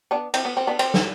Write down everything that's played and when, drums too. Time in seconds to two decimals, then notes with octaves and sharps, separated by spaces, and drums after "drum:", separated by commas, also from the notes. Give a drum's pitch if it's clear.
0.11 B3 D4
0.34 C4 E4, drum: cymbal
0.45 B3
0.57 C4
0.67 B3 D4
0.79 C4, drum: cymbal
0.94 drum: snare